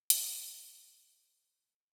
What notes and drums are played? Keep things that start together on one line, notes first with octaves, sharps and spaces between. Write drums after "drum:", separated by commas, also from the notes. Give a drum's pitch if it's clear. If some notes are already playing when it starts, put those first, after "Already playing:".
G3 B3, drum: hi-hat
C5